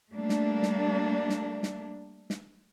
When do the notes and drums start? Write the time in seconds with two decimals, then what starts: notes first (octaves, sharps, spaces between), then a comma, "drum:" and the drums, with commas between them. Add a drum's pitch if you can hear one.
0.13 G3 A3 A#3 D4
0.29 drum: snare
0.63 drum: snare
1.30 drum: snare
1.63 drum: snare
2.30 drum: snare